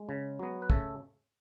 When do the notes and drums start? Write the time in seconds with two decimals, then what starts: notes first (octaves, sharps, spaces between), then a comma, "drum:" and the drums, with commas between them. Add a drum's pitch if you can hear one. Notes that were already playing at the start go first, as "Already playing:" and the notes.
Already playing: G#3
0.09 C#3
0.39 F#3 B3
0.62 B4
0.70 C#3 A3 A4, drum: kick